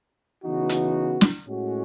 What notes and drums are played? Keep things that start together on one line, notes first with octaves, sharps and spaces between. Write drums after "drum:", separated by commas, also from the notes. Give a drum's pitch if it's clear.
C#3 E3 B3 D#4 F#4
drum: hi-hat
drum: snare
A2 G#3 C#4 F#4